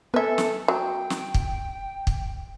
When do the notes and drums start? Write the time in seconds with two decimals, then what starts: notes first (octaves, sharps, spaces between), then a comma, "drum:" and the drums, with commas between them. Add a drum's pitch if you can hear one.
0.14 B3 A4 B4 E5 G#5
0.38 drum: snare
0.68 F#3 G5
1.10 drum: snare
1.34 drum: kick
2.07 drum: kick